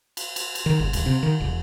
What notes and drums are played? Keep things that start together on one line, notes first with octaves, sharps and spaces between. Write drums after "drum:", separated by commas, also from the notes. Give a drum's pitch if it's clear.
drum: cymbal
drum: cymbal
drum: cymbal
D#3
F#1
D#1, drum: cymbal
C3
D#3
E1